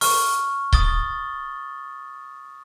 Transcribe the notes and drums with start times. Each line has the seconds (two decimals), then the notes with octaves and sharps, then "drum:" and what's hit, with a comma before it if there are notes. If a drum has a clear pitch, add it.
0.01 C#6 F6, drum: open hi-hat
0.73 D#6 A6 G7, drum: kick C#1